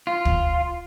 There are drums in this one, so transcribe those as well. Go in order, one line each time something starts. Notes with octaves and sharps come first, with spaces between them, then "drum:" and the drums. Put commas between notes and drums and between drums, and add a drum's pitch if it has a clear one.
F4
drum: kick